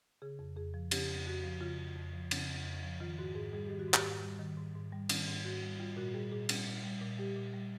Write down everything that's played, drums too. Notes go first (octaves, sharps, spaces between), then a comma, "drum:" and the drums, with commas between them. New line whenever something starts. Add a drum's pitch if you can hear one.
C#3 G#4
F2
F2 G#4
F3
C#3 G4, drum: cymbal
F2
F2 F#4
F3
C#3 F4
F2
F2
F3
C#3, drum: cymbal
F2
F2
F3
D#3 F4
G#2 F#4
G#2 G#4
G3 G#4
D#3 G4
F#4
G#2
G4, drum: clap
G#2
G3
D#3
G#2
G#2
G3
D#3, drum: cymbal
G#2
G#2 F#4
G3
G3 F4
A#2 F#4
G3 G#4
A#2 G#4
G3, drum: cymbal
A#2
G3
A#2
G3 G4
A#2
G3